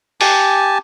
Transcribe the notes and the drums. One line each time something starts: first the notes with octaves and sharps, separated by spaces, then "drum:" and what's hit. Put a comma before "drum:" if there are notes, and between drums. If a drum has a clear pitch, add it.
G4 G#5 A5, drum: open hi-hat